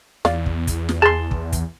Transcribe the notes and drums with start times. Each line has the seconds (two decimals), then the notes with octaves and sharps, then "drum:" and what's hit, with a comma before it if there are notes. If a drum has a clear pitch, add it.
0.25 E2 D5 F5, drum: snare
0.46 drum: kick
0.67 drum: kick, hi-hat
0.89 drum: snare
1.02 E2 G#4 A5 C6
1.31 drum: kick
1.52 drum: kick, hi-hat